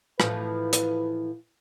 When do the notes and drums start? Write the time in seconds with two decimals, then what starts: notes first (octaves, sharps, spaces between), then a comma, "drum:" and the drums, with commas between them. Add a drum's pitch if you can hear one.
0.20 A2 E3 F3 B4, drum: rim click
0.73 drum: hi-hat